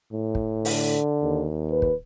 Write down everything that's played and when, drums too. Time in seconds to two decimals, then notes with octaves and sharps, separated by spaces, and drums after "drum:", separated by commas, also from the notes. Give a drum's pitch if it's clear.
0.12 A2
0.35 drum: kick
0.65 D3, drum: open hi-hat
1.22 D#2
1.71 B4
1.82 drum: kick